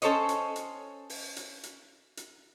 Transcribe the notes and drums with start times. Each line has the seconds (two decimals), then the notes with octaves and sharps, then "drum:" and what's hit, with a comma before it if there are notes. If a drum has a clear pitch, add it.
0.02 C#4 A4 C5 C#5 D#5, drum: hi-hat
0.29 drum: hi-hat
0.56 drum: hi-hat
1.10 drum: open hi-hat
1.36 drum: hi-hat
1.63 drum: hi-hat
2.17 drum: hi-hat